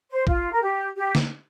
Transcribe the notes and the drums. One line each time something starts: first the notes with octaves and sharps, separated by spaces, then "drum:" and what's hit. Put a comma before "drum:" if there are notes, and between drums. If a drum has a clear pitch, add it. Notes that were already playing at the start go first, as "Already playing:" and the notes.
C5
F4, drum: kick
A#4
G4
G4
drum: snare